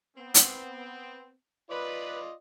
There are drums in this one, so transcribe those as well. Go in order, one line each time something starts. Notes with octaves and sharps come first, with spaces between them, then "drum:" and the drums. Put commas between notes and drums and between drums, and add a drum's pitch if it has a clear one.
B3 C4
drum: hi-hat
F4 B4 D5 D#5